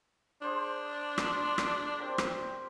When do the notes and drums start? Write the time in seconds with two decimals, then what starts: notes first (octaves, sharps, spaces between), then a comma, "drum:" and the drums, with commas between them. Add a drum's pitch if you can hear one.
0.42 D4 G#4 C5 D5
1.18 drum: rim click
1.58 drum: rim click
1.98 C4 G4 A#4
2.18 drum: rim click